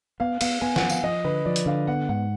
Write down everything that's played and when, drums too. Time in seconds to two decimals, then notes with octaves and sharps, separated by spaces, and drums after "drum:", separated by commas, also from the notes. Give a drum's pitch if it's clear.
0.20 B3 F5
0.41 B3 F5, drum: cymbal
0.61 B3 G#5
0.76 F#5, drum: snare
0.82 F3
0.89 F5, drum: tambourine
1.03 F3 D#5
1.24 D3 B4
1.46 F3 D5
1.56 drum: hi-hat
1.66 D3 F5
1.87 B3 F#5
2.09 G#2 F#5